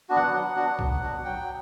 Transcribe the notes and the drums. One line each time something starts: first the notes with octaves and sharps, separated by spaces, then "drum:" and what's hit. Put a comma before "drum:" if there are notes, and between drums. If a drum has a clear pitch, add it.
B3 D4 F#4
F#5, drum: tom D#3
F#3
B3 D4 F#4
F#3, drum: kick B1
B3 D4 F#4
F#3 G5